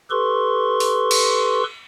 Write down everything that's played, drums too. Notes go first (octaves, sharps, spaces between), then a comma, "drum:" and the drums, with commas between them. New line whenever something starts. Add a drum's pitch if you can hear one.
G4 A4 B4 C6 C#6
drum: open hi-hat
drum: cymbal